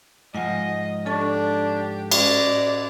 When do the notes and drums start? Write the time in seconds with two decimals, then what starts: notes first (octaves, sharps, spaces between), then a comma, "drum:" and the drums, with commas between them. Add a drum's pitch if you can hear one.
0.35 G#2 F3 D#5 F#5 G#5
1.06 D4 G4 A4 A5 C#6
2.12 A2 C#4 D5 D#5, drum: cymbal